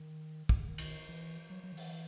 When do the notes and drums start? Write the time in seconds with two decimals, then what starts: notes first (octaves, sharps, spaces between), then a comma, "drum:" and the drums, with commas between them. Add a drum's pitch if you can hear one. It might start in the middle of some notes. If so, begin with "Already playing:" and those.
Already playing: D#3
0.49 drum: kick
0.60 C#3
0.68 D#3
0.78 drum: cymbal
1.09 E3
1.50 F#3
1.64 F#3
1.72 D#3
1.77 E3, drum: open hi-hat